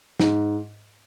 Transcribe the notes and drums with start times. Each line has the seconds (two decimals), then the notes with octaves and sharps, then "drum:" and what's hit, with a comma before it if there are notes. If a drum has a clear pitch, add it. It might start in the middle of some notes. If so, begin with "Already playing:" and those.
0.19 G#2, drum: snare